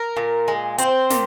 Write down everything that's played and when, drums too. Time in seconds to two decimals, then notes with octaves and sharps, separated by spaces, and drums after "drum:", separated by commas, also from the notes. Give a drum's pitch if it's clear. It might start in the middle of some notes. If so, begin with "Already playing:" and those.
Already playing: A#4
0.17 A#2
0.48 G#3
0.78 C4 C5, drum: hi-hat
1.10 A#2, drum: snare